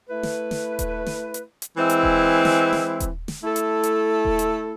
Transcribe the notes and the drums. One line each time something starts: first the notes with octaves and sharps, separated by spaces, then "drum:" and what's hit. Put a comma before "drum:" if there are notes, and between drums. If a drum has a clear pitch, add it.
A3 E4 B4
drum: snare
drum: snare
drum: kick D#1, hi-hat
drum: snare
drum: hi-hat
drum: hi-hat
E3 G#3 C4 E4
drum: hi-hat
drum: kick D#1
drum: snare
drum: snare
drum: kick D#1, hi-hat
drum: snare
A3 E4 A4
drum: hi-hat
drum: hi-hat
drum: kick D#1
drum: hi-hat